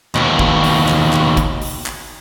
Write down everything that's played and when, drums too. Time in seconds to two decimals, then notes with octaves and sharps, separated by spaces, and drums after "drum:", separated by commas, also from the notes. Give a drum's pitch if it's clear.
0.15 D#2 B2, drum: clap
0.39 drum: kick
0.64 drum: open hi-hat
0.88 drum: clap
1.13 drum: clap
1.37 drum: kick, hi-hat
1.62 drum: open hi-hat
1.86 drum: clap